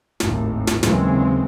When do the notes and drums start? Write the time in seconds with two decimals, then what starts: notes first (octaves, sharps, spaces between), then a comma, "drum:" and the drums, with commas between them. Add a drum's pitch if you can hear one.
0.20 G#1 D#2 A2, drum: snare
0.67 drum: snare
0.83 D#2 C#3 E3 F#3 G#3 C4, drum: snare